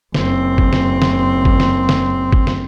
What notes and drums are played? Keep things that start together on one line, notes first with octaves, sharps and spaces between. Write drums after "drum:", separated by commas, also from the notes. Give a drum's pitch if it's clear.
F#1 C4, drum: snare
drum: kick
drum: snare
drum: snare
drum: kick
drum: snare
drum: snare
drum: kick
drum: snare